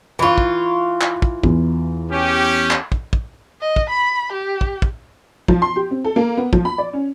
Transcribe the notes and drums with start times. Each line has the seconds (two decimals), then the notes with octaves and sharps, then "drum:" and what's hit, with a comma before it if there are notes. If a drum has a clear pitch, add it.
0.19 E3 F4 B5 C#6
0.38 drum: kick
1.01 drum: clap
1.22 drum: kick
1.44 E2, drum: kick
2.11 C#4 G4
2.71 drum: clap
2.92 drum: kick
3.13 drum: kick
3.61 D#5
3.76 drum: kick
3.90 B5
4.32 G4
4.61 drum: kick
4.82 drum: kick
5.48 F3, drum: kick
5.62 C6
5.76 G4
5.91 C4
6.04 A4
6.16 A#3
6.37 B3
6.53 F3, drum: kick
6.65 B5
6.78 D5
6.93 C#4